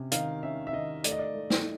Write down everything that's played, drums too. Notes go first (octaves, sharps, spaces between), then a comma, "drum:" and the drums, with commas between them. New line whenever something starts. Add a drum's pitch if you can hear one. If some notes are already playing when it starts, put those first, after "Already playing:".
Already playing: C3 C#4
D#3 F5, drum: hi-hat
C#4 E5
E5
D#3 D#5
A3 D5, drum: hi-hat
D#5
D5
A3
drum: snare